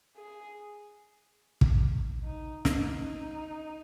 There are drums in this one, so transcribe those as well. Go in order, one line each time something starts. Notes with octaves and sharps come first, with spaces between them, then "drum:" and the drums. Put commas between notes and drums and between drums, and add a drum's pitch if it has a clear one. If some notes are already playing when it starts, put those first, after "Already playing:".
G#4
drum: kick
D#4
D#4, drum: snare